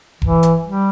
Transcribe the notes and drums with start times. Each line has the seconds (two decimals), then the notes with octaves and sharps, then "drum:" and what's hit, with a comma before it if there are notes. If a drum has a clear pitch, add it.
0.22 E3, drum: kick E1
0.43 drum: hi-hat
0.65 G3